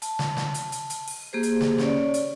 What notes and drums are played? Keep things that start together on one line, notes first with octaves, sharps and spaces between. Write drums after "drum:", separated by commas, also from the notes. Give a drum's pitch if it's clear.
A5, drum: hi-hat
drum: snare
drum: snare
drum: hi-hat
drum: hi-hat
drum: hi-hat
drum: open hi-hat
A#3 G4 G#4 C5
drum: hi-hat
drum: snare
C#4 C#5 D5, drum: snare
drum: hi-hat